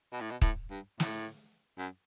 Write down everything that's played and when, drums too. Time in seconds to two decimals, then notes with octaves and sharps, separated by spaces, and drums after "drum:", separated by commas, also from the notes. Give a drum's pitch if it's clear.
0.12 B2
0.21 A2
0.31 B2
0.42 A2, drum: kick
0.70 G2
1.00 A2, drum: snare
1.78 F#2